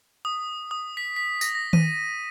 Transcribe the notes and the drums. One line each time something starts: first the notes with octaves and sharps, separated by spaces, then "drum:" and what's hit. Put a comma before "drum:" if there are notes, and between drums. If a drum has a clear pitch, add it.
D#6
D#6
B6
B6
A#6, drum: tambourine
A#6
D#7, drum: tom D#3